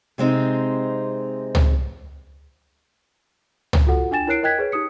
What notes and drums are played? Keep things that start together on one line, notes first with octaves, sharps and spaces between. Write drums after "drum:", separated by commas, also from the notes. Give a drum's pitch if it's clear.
C3 G#3 C4 D#4
drum: tom
drum: tom
F4 F#4 A4 F#5
D4 G5 G#5 A6 E7
E4 A#4 C#5 F#6 C7 D7
A#4 D#5 G5 F#6 G#6 B6
G#4 B4 C#5
D#4 G4 D#6 C#7